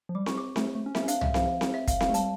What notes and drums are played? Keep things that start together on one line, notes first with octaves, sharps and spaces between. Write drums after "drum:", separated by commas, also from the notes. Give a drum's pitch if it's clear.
F3
G3 D6
C#6, drum: snare C4
D6
A3, drum: snare C4
A3
C#4
A#3 E5, drum: snare C4
C#4
D4 F5, drum: hi-hat
G3 E5, drum: tom C2
F3 F5, drum: snare C4
drum: snare C4
E5
F5, drum: kick, hi-hat
F5, drum: snare C4
A3
G3 A5, drum: hi-hat